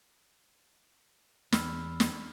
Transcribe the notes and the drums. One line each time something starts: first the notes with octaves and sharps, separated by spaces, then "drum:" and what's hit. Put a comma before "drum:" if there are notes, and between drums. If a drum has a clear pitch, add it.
E2 B5 E6 F6, drum: snare
drum: snare